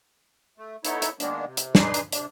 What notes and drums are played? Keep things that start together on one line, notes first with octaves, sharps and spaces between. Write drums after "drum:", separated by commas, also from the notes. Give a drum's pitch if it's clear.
A3
B3 D#4 E4 A4 C#5, drum: hi-hat
drum: hi-hat
D#3 G#3 A#3 B3 D4, drum: hi-hat
C3
drum: hi-hat
D4 D#4 G#4 B4 C6, drum: snare
drum: hi-hat
C3 D4, drum: hi-hat